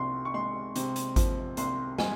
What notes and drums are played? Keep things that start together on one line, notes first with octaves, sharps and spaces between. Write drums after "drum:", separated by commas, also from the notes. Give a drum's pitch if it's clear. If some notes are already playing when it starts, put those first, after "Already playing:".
Already playing: C2 C3 F3 C6 C#6
C#6
G#3 C6
C3, drum: hi-hat
drum: hi-hat
F3, drum: kick G#1, hi-hat
C2 C6, drum: hi-hat
G#3 G#5, drum: snare